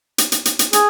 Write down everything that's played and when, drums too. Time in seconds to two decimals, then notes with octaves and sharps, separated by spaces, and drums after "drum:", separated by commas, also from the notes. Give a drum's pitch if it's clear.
0.18 drum: hi-hat
0.32 drum: hi-hat
0.45 drum: hi-hat
0.59 drum: hi-hat
0.73 G#4, drum: hi-hat